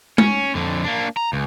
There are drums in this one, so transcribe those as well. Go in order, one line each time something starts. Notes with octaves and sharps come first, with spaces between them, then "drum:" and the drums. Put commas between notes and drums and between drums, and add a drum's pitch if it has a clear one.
C#4, drum: tom G#3
F2 D3
A#3 D4
A#5
C#2